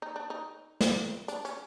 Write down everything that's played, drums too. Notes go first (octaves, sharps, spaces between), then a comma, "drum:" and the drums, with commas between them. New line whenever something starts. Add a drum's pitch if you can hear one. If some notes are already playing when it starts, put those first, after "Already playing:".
D#4
D4
D#4
drum: snare
D4, drum: hi-hat
C#4, drum: hi-hat